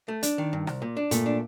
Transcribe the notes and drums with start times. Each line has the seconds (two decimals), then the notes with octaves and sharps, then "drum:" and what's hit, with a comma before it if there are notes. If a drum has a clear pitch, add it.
0.08 A3
0.23 D4, drum: hi-hat
0.38 D#3
0.53 G2
0.67 C2, drum: rim click
0.82 A#2
0.97 D4
1.11 A#2 A3, drum: hi-hat
1.26 D4